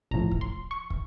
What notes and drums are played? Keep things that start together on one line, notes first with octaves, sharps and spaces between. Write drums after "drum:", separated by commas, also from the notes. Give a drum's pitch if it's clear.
A1 A2 F3 A#5
drum: kick
C6
C#6
drum: kick